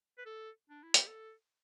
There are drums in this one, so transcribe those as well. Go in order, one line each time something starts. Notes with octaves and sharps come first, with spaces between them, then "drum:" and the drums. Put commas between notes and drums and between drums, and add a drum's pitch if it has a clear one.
B4
A4
D4
E4
G4, drum: hi-hat
A4